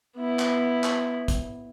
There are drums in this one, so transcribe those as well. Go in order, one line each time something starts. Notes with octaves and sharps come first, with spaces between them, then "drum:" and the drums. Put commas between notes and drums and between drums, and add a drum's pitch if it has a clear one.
B3 E4
drum: clap
drum: clap
drum: kick, hi-hat